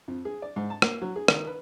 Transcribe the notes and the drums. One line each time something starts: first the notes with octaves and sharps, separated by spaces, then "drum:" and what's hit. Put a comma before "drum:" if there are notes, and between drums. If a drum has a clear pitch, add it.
F2
G#4
D5
G#2
A5
A#3, drum: rim click
F#3
G#4
D#3, drum: rim click
B4